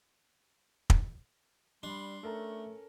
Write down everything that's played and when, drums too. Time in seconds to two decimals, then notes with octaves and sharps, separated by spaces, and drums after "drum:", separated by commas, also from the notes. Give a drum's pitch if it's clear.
0.90 drum: kick
1.83 G3 D4 B5 C6
2.23 A3 C#4 A4 A#4 A#5